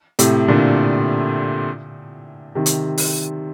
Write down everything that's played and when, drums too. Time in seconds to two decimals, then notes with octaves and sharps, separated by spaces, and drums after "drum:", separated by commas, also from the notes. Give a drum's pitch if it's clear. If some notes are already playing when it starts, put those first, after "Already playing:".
0.19 A2 C3, drum: hi-hat
0.48 A#2 D3
2.55 C3 D#3
2.66 drum: hi-hat
2.98 drum: open hi-hat